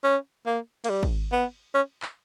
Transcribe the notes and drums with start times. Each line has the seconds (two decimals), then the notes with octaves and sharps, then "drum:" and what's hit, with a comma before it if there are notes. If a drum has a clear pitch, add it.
0.04 C#4
0.46 A#3
0.84 A#3, drum: cymbal
0.90 G3
1.03 drum: kick
1.32 B3
1.74 C#4
2.02 drum: clap